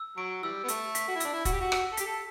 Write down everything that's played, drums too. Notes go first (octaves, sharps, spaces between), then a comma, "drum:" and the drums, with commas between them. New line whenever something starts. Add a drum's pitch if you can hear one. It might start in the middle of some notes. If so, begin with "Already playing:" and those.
Already playing: E6
F#3 D7
E3 G3 E6
B3
A3 E6, drum: hi-hat
B6, drum: hi-hat
F#4
E4
D4 E6, drum: hi-hat
E4
F#4 E6, drum: kick, hi-hat
G4
F#4
E6, drum: rim click
A4
G4 B6, drum: hi-hat
A4